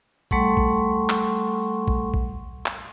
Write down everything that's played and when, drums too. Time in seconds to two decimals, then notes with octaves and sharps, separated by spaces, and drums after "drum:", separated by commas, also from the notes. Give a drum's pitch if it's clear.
0.31 G3 A3 A4 F#5 C6 C#6, drum: kick
0.57 drum: kick
1.09 drum: clap
1.88 drum: kick
2.14 drum: kick
2.66 drum: clap